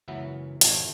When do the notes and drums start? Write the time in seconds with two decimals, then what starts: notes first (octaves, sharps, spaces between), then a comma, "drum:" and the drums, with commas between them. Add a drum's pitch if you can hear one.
0.08 C#2 F#2 E3 F#3 B3 E5
0.61 G#1 F2 C3 F3 A4 C#5, drum: hi-hat